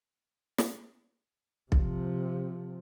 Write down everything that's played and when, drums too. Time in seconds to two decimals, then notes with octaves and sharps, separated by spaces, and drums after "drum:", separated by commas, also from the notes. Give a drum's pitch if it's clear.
0.58 drum: snare
1.72 C3 F3, drum: kick B1